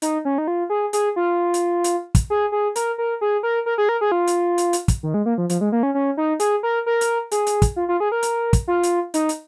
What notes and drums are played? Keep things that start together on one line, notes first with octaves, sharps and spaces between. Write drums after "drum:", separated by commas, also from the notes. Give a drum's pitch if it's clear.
D#4, drum: hi-hat
C#4
D#4
F4
G#4
G#4, drum: hi-hat
F4
drum: hi-hat
drum: hi-hat
drum: kick, hi-hat
G#4
G#4
A#4, drum: hi-hat
A#4
G#4
A#4
A#4
G#4
A#4
G#4
F4
drum: hi-hat
drum: hi-hat
drum: hi-hat
drum: kick, hi-hat
D#3
G#3
A#3
F3
F3, drum: hi-hat
G#3
A#3
C#4
C#4
D#4
G#4, drum: hi-hat
A#4
A#4
drum: hi-hat
G#4, drum: hi-hat
drum: hi-hat
drum: kick, hi-hat
F4
F4
G#4
A#4
drum: hi-hat
drum: kick, hi-hat
F4
drum: hi-hat
D#4, drum: hi-hat
drum: hi-hat